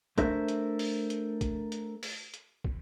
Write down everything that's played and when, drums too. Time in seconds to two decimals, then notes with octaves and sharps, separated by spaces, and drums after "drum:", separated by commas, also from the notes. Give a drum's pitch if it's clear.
0.18 A3 D4 A4 A#4 C5 E5, drum: kick, hi-hat
0.48 drum: hi-hat
0.79 drum: open hi-hat
1.10 drum: hi-hat
1.41 drum: kick, hi-hat
1.72 drum: hi-hat
2.03 drum: open hi-hat
2.34 drum: hi-hat
2.64 drum: kick